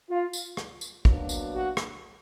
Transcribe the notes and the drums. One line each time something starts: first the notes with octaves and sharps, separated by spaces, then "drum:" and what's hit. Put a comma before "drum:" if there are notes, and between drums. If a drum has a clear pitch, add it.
F4
drum: tambourine
drum: rim click
drum: tambourine
B2 F#3 A#3 D4, drum: kick
drum: tambourine
F#4
drum: rim click